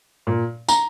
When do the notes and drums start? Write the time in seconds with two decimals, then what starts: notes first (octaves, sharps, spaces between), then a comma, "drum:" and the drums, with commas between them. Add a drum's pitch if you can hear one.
0.27 A#2
0.69 A#5, drum: tambourine